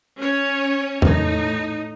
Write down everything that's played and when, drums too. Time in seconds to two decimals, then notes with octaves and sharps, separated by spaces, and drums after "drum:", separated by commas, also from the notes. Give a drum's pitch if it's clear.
0.16 C#4 C#5
1.02 A2 D#4, drum: tom E2